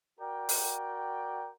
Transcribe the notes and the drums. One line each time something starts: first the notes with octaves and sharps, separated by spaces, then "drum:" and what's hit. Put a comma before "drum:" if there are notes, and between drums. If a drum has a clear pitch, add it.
F#4 A#4 D5 G5
drum: open hi-hat